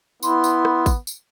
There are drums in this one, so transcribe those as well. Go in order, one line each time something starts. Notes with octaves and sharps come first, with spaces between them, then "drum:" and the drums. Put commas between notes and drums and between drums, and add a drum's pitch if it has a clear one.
B3 E4 C6, drum: tambourine
drum: tambourine
drum: rim click
drum: kick, tambourine
drum: tambourine